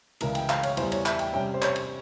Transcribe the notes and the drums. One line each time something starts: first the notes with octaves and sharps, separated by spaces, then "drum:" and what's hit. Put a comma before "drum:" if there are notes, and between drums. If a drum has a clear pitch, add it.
C#2 C#3 E3 A#4, drum: cymbal
G5, drum: cymbal
F5, drum: clap
C#5, drum: cymbal
E2 E3 G3 C5, drum: cymbal
C#5, drum: cymbal
E5, drum: clap
G5, drum: cymbal
C3 G3 C#4 G5
C5
C#5, drum: clap
drum: cymbal